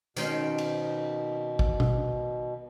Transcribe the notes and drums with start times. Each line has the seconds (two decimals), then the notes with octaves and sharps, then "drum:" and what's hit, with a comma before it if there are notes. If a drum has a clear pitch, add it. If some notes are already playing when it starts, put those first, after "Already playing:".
0.17 B2 D#3 C4 C#4, drum: tambourine
0.58 drum: cymbal
1.59 drum: kick A1
1.80 drum: tom B2